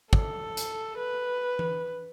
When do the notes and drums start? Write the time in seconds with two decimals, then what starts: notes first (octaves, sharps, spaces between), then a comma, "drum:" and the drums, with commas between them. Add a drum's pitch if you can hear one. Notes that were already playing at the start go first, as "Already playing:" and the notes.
0.13 A4, drum: kick
0.57 drum: hi-hat
0.98 B4
1.59 drum: tom E3